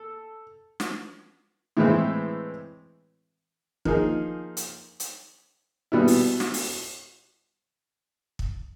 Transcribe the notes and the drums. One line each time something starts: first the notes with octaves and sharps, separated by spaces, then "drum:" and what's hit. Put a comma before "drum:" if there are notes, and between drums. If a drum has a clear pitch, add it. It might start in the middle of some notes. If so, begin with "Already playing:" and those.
Already playing: A4
drum: snare
A2 E3 G#3 C4 E4
F3 A#3 D#4 G#4, drum: kick
drum: hi-hat
drum: hi-hat
B2 G3 B3 E4
drum: open hi-hat
drum: snare
drum: open hi-hat
drum: kick